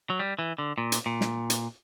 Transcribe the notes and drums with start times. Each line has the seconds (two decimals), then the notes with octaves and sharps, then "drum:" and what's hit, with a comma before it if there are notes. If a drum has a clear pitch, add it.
0.10 F#3
0.20 G3
0.39 E3
0.58 D3
0.78 A#2
0.92 drum: hi-hat
1.06 A#2
1.21 drum: snare
1.50 drum: hi-hat